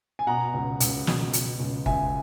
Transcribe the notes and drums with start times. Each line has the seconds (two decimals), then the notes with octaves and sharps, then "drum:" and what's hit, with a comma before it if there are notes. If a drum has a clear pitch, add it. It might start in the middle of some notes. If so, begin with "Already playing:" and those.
0.19 G#5
0.27 B2 F#5 A#5
0.54 C#2
0.80 C#2, drum: hi-hat
1.07 B2, drum: snare
1.33 B2, drum: hi-hat
1.60 C#2
1.86 C#2 E5 G#5, drum: kick G1